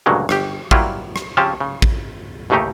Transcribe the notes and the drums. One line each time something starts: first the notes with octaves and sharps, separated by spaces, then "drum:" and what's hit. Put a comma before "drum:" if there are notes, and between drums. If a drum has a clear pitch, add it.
D2 G2 A#2 C#3 F#3 G#3
G1 G4, drum: rim click
F#3 G3 A#3 E4 F4, drum: kick
drum: rim click
C#3 F3 C4 C#4 G4 A5
C#3
drum: kick
A1 D#2 C#3 A3 D#4 G4